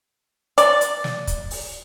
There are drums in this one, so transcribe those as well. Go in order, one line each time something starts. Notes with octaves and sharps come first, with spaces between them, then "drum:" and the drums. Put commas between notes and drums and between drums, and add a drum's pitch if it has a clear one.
D5, drum: hi-hat
drum: hi-hat
drum: snare
drum: kick, hi-hat
drum: open hi-hat